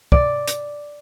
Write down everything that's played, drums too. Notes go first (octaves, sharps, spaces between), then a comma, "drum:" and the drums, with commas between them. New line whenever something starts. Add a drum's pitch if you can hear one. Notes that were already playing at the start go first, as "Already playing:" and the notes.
D5, drum: kick
drum: hi-hat